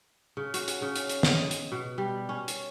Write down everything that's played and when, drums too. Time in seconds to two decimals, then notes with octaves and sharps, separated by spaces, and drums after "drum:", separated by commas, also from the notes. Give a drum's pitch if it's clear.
0.37 C#3
0.54 F#4, drum: hi-hat
0.68 drum: hi-hat
0.82 C#3
0.96 drum: hi-hat
1.09 drum: hi-hat
1.23 drum: snare
1.33 D#5
1.51 drum: hi-hat
1.72 B2
1.98 G3
2.29 C#4
2.48 drum: hi-hat